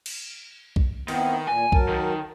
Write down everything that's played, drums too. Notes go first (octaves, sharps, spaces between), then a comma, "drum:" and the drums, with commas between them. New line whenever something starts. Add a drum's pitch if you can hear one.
drum: cymbal
drum: kick B1
D#3 B3 C4 E4, drum: cymbal
A#2 G#5
F#3 A#4 A5, drum: kick B1
D#3